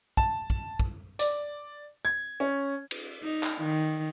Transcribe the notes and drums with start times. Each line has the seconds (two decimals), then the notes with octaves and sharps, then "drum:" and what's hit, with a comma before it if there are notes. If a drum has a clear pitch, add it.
0.17 A5, drum: kick
0.50 drum: kick
0.80 drum: kick
1.19 D5, drum: hi-hat
2.05 G#6
2.40 C#4
2.91 drum: cymbal
3.22 D#4
3.43 drum: clap
3.61 D#3